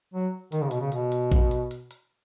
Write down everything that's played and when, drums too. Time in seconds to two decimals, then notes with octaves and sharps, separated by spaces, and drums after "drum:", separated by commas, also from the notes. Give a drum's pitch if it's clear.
0.13 F#3
0.52 D#3, drum: hi-hat
0.62 C#3
0.71 B2, drum: hi-hat
0.80 C#3
0.92 B2, drum: hi-hat
1.12 drum: hi-hat
1.32 drum: kick A#1, hi-hat
1.51 drum: hi-hat
1.71 drum: hi-hat
1.91 drum: hi-hat